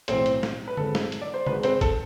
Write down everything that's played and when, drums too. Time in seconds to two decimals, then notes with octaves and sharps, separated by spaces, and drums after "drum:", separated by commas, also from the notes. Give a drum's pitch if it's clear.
0.08 B1 A2 E3 C4 C5, drum: hi-hat
0.26 drum: hi-hat
0.43 drum: snare
0.68 B4
0.77 G#1 G#2 G#3 C4 A4, drum: tom D3
0.95 drum: snare
1.12 drum: hi-hat
1.22 D5
1.34 C5
1.47 G#1 G#2 G#3 B4, drum: tom C3
1.63 C4 C5, drum: hi-hat
1.81 A4, drum: kick, hi-hat